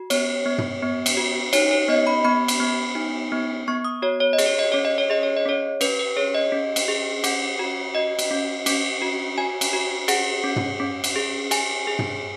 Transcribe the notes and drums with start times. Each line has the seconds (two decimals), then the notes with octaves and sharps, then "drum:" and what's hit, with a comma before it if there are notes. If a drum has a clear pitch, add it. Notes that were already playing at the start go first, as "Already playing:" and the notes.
Already playing: F#4
0.10 B3 C#5, drum: cymbal
0.46 B3
0.58 drum: tom
0.82 B3
1.06 drum: cymbal
1.17 F#4
1.53 D#4 C#5, drum: cymbal
1.71 C#5
1.89 B3 D#5
2.07 B5
2.25 B3 B5
2.48 drum: cymbal
2.60 B3
2.95 D#4
3.32 B3
3.68 B3 C#6
3.85 D#6
4.02 F#4 C#5
4.20 C#5
4.33 D#5
4.38 G#4, drum: cymbal
4.46 C#5
4.59 D#5
4.72 C#4 C#5
4.85 D#5
4.98 C#5
5.10 G#4 D#5
5.23 C#5
5.36 D#5
5.46 C#4 C#5
5.81 C#4 B4, drum: cymbal
5.99 B4
6.16 G#4 C#5
6.35 D#5
6.52 C#4
6.76 drum: cymbal
6.88 G#4
7.24 C#4 F#5, drum: cymbal
7.59 F#4
7.95 F#4 D#5
8.19 drum: cymbal
8.31 C#4
8.66 C#4, drum: cymbal
9.02 F#4
9.38 F#4 G#5
9.61 drum: cymbal
9.73 F#4
10.08 G#4 F#5, drum: cymbal
10.44 C#4
10.56 drum: tom
10.80 C#4
11.04 drum: cymbal
11.15 G#4
11.51 G#4 G#5, drum: cymbal
11.87 G#4
11.99 drum: tom